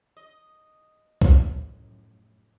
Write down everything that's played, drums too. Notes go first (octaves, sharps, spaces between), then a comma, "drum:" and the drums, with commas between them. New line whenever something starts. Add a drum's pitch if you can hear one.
D#5
drum: kick C2
F1 F#2 A2